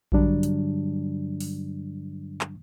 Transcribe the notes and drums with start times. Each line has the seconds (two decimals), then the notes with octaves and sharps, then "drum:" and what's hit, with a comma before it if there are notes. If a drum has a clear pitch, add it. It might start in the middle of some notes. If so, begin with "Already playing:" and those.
0.12 G2 D3 F#3 G3 D4, drum: kick A#1
0.43 drum: hi-hat
1.40 drum: open hi-hat
2.41 drum: clap